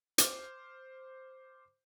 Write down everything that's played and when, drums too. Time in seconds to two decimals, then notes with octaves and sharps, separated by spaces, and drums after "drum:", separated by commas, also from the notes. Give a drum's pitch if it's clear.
0.18 C5 D6 F6, drum: hi-hat